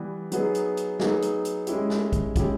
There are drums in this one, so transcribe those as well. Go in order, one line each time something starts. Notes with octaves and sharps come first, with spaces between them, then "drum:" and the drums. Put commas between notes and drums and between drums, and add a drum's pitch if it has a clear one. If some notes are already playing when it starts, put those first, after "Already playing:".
Already playing: E3 G3 B3
F#3 B3 D#4 G#4, drum: hi-hat
drum: hi-hat
drum: hi-hat
F#3 B3 D#4 G#4, drum: snare
drum: hi-hat
drum: hi-hat
G#3 C#4 E4 G4, drum: hi-hat
drum: snare
drum: kick, hi-hat
G#3 C#4 E4 G4, drum: kick, hi-hat